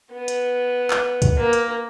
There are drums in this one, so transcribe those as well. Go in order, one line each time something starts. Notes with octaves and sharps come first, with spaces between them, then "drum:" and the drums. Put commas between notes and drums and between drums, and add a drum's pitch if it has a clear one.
B3
drum: hi-hat
drum: clap
drum: kick, hi-hat
A#3
drum: hi-hat